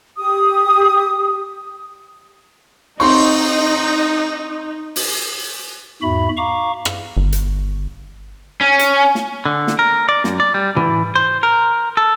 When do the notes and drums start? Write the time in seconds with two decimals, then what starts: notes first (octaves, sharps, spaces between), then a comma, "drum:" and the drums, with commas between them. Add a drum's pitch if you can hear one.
0.18 G4 D#6
3.00 C4 D#4 C6 C#6, drum: cymbal
4.96 drum: open hi-hat
6.02 E2 G#2 F#4 E5 B5
6.37 F5 A#5 C#6 D6
6.85 drum: rim click
7.17 G1
7.32 drum: hi-hat
8.61 C#4
8.79 drum: hi-hat
9.15 drum: snare
9.46 D3
9.67 drum: snare
9.79 A#4
10.09 D5
10.24 F#2, drum: snare
10.40 D5
10.54 G3
10.77 E3, drum: tom
11.16 C5
11.43 A#4
11.97 A4